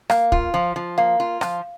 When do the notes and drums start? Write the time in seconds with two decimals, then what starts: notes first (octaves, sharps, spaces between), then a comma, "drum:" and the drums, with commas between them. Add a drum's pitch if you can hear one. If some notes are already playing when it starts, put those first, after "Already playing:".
0.10 A#3 F5, drum: rim click
0.32 F4, drum: kick
0.54 F3
0.76 F3
0.98 A#3 F5
1.20 F4
1.41 F3, drum: rim click